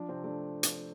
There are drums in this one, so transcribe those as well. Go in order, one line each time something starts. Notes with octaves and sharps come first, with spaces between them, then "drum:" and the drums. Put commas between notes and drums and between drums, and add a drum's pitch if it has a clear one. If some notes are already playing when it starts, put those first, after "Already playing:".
Already playing: F3 D4
C3 C4
A3 D4
drum: hi-hat